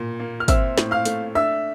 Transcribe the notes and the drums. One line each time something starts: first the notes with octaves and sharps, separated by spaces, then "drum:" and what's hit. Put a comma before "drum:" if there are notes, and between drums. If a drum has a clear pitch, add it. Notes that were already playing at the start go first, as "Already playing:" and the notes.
Already playing: A#2
A#3
F6
C4 E5 E6, drum: kick, hi-hat
A2, drum: snare
F5 F6
A3, drum: hi-hat
D4 E5 E6